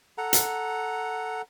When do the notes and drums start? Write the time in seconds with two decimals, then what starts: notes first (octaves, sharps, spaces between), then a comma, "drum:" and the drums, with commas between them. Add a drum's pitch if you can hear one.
0.18 A4 F#5 A#5
0.33 drum: hi-hat